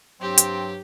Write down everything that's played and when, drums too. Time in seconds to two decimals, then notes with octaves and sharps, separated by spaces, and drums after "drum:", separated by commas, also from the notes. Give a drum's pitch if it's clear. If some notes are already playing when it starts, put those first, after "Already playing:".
0.21 G2 F#3 C4 G4
0.38 drum: hi-hat